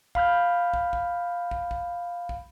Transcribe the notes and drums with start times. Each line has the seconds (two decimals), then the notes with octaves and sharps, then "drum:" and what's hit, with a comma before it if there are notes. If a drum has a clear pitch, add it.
0.15 F5 B5 F6 G6, drum: kick
0.74 drum: kick
0.93 drum: kick
1.51 drum: kick
1.71 drum: kick
2.29 drum: kick